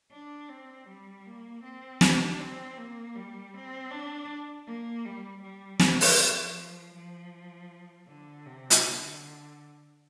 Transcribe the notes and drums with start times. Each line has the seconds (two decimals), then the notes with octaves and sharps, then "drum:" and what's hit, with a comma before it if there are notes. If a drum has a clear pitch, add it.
0.11 D4
0.49 C4
0.88 G3
1.26 A#3
1.63 C4
2.01 D4, drum: snare
2.40 C4
2.77 A#3
3.15 G3
3.53 C4
3.91 D4
4.66 A#3
5.05 G3
5.42 G3
5.80 F3, drum: snare
6.01 drum: open hi-hat
6.94 F3
8.07 D3
8.46 C3
8.70 drum: hi-hat
8.84 D3